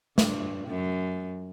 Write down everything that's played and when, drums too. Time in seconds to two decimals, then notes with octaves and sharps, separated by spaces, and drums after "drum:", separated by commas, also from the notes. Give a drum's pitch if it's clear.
0.18 G2, drum: snare
0.67 F#2